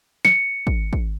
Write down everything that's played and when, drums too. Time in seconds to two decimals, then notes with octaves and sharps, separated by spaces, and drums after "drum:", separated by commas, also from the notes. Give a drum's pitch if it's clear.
0.25 C#7, drum: snare
0.67 drum: kick
0.93 drum: kick